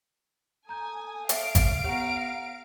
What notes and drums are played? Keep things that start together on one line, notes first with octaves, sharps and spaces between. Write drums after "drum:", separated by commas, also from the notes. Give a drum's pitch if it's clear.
A4 G#5 A#5 D#6 G6
E5 F5 G5 D7, drum: hi-hat
drum: kick G#1, hi-hat
B3 G4 C#5 F#5 A#5